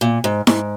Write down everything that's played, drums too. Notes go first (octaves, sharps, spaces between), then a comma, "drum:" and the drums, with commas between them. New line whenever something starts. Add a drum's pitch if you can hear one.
A#2
G#2
G#2, drum: snare E4